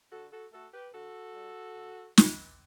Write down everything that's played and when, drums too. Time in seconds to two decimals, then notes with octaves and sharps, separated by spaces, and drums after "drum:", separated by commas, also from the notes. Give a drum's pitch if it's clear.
0.12 D3 F#4 A4
0.32 F#4 A4
0.53 A3 F#4 A4
0.74 G4 B4
0.94 D3 F#4 A4
1.35 G3
1.76 B2
2.17 F#3 A3, drum: snare